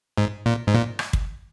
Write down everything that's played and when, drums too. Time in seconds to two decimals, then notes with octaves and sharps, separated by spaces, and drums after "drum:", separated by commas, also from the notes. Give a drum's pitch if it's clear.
0.18 G#2
0.46 A#2
0.67 G#2
0.74 A#2
0.99 drum: rim click
1.13 drum: kick